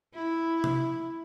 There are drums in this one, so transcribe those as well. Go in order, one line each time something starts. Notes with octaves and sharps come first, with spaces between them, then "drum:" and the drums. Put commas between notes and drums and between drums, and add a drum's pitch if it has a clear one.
E4
drum: tom C3